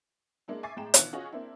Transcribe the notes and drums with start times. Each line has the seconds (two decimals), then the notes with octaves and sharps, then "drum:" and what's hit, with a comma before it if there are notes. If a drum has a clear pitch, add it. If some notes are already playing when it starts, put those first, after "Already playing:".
0.48 G#3 A#3 D4 E4
0.63 E5 G#5 C#6 D6 A6 C7
0.77 A2 G#3 G5 A#5 E7
0.94 B2 D#3 E3 D4 E4 F4, drum: hi-hat
1.13 C#4 F4 F#4 G#4 C#5 D#5
1.32 A#3 C4 D4 E4